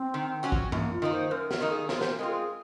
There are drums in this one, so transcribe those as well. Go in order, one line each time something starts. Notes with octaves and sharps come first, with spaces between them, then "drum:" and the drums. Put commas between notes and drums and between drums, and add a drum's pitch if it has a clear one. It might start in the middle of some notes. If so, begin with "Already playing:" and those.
Already playing: C4
D#3
F#3 C#4 F#4
drum: kick
F#2 A#3, drum: tom F#2
F4
D#3 A#3 D#4
C5
F#2 A#4
A#4, drum: snare
D#3 A#3 D#4
G#4
A#2 A#4, drum: snare
C5, drum: snare
A#4
G#3 C4 F4
G#4